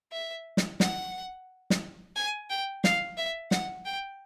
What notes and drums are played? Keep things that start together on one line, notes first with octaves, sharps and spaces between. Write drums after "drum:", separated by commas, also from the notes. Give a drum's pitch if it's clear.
E5
drum: snare
F#5, drum: snare
drum: snare
G#5
G5
F5, drum: snare
E5
F#5, drum: snare
G5